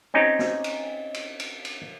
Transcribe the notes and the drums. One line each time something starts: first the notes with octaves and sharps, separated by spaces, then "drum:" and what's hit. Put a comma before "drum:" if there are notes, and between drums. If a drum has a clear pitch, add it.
C4 C#4 D#4 G4
drum: snare
drum: cymbal
drum: cymbal
drum: cymbal
drum: cymbal